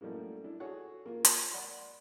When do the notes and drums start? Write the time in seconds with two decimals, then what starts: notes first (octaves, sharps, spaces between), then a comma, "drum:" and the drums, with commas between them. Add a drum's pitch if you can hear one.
0.01 F#2 G3 A3 A#3 E4
0.44 D4 E4
0.60 F#4 G#4 A4 C#5 F#5
1.06 A#3 F4 A#4
1.25 drum: hi-hat
1.53 D5 F#5 B5 C6